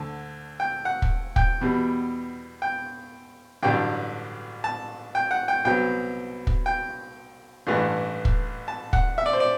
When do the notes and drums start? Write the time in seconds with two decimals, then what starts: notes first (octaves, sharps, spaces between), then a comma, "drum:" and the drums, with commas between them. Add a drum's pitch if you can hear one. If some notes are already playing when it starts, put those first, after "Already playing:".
Already playing: D2 D3
0.60 G5
0.85 F#5
1.02 drum: kick
1.36 G5, drum: kick
1.61 E2 B2 G3
2.62 G5
3.63 A1 G2 D3 F#3 G5
4.64 A5
5.15 G5
5.31 F#5
5.48 G5
5.65 C2 B2 F#3 B3 G5
6.47 drum: kick
6.66 G5
7.67 A1 G2 E3 A3
8.25 drum: kick
8.68 A5
8.93 F#5, drum: kick
9.18 E5
9.26 D5
9.33 C5
9.40 D5